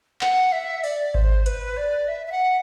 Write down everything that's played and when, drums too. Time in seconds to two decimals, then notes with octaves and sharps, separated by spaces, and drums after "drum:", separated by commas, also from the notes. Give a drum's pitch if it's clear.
0.21 F#5, drum: clap
0.52 E5
0.84 D5, drum: open hi-hat
1.15 C5, drum: kick G#1
1.46 B4, drum: hi-hat
1.77 D5
2.08 E5
2.27 E5
2.32 F#5